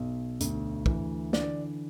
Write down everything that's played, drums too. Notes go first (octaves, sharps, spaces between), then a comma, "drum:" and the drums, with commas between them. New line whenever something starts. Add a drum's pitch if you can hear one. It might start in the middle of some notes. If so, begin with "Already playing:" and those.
Already playing: B1
D2, drum: hi-hat
E3, drum: kick
D3 D5, drum: snare